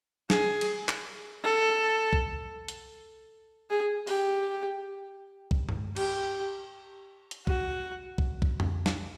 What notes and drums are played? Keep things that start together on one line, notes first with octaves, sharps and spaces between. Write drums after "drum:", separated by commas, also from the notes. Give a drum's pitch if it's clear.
G#4, drum: snare
drum: cymbal
drum: clap
A4
drum: kick
drum: hi-hat
G#4
G4, drum: open hi-hat
drum: kick
drum: tom G2
G4, drum: cymbal
drum: hi-hat
F#4, drum: kick
drum: kick
drum: kick
drum: tom F2
drum: snare